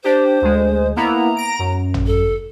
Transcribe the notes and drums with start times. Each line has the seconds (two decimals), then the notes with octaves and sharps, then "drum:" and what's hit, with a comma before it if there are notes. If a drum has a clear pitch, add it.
0.04 D4 G4 C5
0.42 D2 G#3
0.96 A#3 B3 E4 A#5
1.36 A#6 D7
1.59 F#2
1.94 drum: tom G#1
2.07 A4